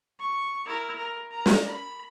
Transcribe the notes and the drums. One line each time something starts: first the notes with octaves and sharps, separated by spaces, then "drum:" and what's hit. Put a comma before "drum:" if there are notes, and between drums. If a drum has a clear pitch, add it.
C#6
E4 A#4
A#4
A#4 A#5
drum: snare
B5